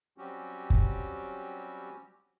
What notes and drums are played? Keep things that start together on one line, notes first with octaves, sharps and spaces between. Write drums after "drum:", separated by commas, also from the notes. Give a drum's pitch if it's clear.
F#3 G3 C4 C#4 F#4 G4
drum: kick